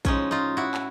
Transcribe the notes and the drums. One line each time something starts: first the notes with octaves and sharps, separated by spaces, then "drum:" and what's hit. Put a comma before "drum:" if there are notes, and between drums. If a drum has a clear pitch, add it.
A2 F3 G#3 C#4 D#4, drum: kick, hi-hat
D#4 F4
E4 F#4
drum: clap